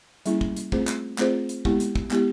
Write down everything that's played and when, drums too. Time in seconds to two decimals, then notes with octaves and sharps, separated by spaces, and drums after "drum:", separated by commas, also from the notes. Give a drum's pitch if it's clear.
0.26 G3 A#3 C#4 E4 G#4, drum: hi-hat
0.41 drum: kick
0.57 drum: hi-hat
0.72 A3 C4 F4 G#4 C5, drum: kick
0.87 drum: clap
1.18 A3 C4 F4 G#4 C5, drum: clap
1.49 drum: hi-hat
1.65 G#3 B3 E4 G4, drum: kick
1.80 drum: hi-hat
1.95 drum: kick
2.11 G#3 B3 E4 G4, drum: clap